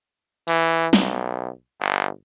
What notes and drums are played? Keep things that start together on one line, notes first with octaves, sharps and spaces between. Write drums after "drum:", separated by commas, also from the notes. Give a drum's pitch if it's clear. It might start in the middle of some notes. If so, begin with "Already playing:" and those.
E3, drum: hi-hat
B1, drum: snare
G1